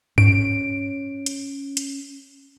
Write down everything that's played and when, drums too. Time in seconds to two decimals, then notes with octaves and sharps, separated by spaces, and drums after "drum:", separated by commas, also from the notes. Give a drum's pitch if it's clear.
0.18 C#4 D7, drum: tom G2
1.26 drum: hi-hat
1.77 drum: hi-hat